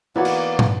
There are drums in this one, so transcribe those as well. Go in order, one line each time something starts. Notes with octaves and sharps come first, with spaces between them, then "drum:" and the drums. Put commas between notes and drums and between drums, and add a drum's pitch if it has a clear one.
E3 A#3 B3 D#4 E4 F#4 C#5 D5
drum: cymbal
drum: tom